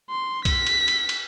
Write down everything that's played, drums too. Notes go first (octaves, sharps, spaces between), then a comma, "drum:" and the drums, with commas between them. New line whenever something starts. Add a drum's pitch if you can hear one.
C6
B6, drum: kick B1, cymbal
drum: cymbal
drum: cymbal
drum: cymbal